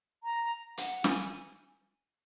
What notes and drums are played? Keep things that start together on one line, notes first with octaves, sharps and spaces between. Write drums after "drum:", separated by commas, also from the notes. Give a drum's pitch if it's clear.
A#5
F#5, drum: hi-hat
G#5, drum: snare